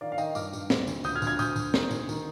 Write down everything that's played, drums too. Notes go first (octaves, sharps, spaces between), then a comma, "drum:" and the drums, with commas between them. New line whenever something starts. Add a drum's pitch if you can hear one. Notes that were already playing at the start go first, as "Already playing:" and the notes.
D#3 D5 F5
F5
D#3 D#5 G5, drum: tambourine
G2 D6 F6, drum: tambourine
G2, drum: tambourine
D2, drum: snare
D2, drum: tambourine
D2 D#6 G6, drum: tambourine
F6 G#6
D2, drum: tambourine
F6 G#6
D2 D#6 G6, drum: tambourine
D2, drum: tambourine
D#3, drum: snare
D2, drum: tambourine
D#3, drum: tambourine